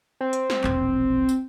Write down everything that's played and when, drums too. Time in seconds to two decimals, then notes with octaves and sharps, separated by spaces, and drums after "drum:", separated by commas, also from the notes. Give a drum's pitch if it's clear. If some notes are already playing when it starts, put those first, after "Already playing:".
0.21 C4
0.33 drum: hi-hat
0.50 drum: snare
0.64 E1 A#1, drum: clap
1.29 drum: tambourine